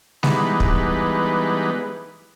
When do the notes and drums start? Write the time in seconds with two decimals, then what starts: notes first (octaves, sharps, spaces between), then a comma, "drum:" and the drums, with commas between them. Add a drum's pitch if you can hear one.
0.23 E3 G3 G#3 B3 D#4 B4, drum: snare G#3
0.60 drum: kick